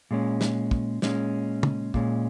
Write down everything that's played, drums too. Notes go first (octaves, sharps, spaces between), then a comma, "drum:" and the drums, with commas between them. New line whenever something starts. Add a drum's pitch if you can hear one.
A#2 G#3 C#4
drum: snare
drum: kick
A#2 G#3 C#4, drum: snare
drum: tom
A#2 G#3 C#4, drum: kick